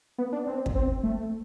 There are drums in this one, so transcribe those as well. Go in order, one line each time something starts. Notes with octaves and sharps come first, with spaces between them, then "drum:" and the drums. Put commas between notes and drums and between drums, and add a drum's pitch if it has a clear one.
B3
D4
C4
drum: kick
C4
A3